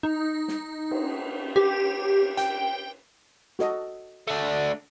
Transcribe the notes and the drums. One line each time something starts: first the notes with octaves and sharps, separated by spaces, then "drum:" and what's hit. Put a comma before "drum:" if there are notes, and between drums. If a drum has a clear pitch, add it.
D#4
drum: snare
drum: cymbal
G4
G5, drum: hi-hat
F#4 A4 D#5, drum: snare
A3 D4